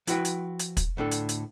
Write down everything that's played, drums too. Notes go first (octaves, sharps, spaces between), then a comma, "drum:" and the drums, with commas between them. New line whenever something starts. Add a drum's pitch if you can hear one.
F3 E4 F#4 B4 G5, drum: hi-hat
drum: hi-hat
drum: hi-hat
drum: kick, hi-hat
D2 A2 D4 A4
drum: hi-hat
drum: hi-hat